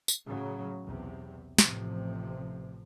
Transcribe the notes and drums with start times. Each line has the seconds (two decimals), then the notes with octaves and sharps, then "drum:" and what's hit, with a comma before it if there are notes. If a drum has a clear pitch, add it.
0.08 drum: tambourine
0.27 A2 C#3 F#3
0.84 B1 E2 C3
1.58 A1 C3 F3, drum: snare